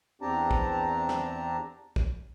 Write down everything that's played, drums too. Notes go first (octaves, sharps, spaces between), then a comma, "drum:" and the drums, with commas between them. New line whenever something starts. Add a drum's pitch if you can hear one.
E2 C4 D4 G4 A5 A#5
drum: kick
drum: snare
drum: kick